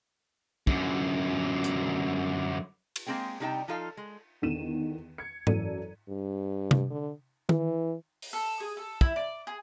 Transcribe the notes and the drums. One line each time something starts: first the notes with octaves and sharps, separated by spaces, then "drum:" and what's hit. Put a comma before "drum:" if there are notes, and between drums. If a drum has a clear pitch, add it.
F#2 D3, drum: kick
drum: hi-hat
drum: cymbal
G#3 A#3 C4 G#4 G5
C3 G3 D#4 G#4 G5 A5
F3 D#4 F4 A4 F5
G#3
E2 D3 D#3 D#7 E7
G#6 C#7
F#2 E3 A4 D5 D#7, drum: tom G#2
G2
drum: tom C3
D3
E3, drum: tom D#3
drum: open hi-hat
A4
G#4
A4
E4, drum: kick
D5
G#4